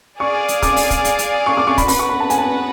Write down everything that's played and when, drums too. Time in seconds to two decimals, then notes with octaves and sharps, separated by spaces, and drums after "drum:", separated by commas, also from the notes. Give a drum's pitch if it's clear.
0.20 G#4 D5 F5 C#6
0.48 drum: hi-hat
0.62 D6, drum: kick, hi-hat
0.76 drum: open hi-hat
0.91 drum: kick, hi-hat
1.05 drum: hi-hat
1.19 drum: hi-hat
1.46 C#6
1.57 D6
1.67 C#6
1.78 B5, drum: kick, hi-hat
1.88 B3 F#4 B4 F#5 B5, drum: open hi-hat
1.99 C#6
2.09 B5
2.20 A5
2.30 G#5, drum: hi-hat
2.38 A5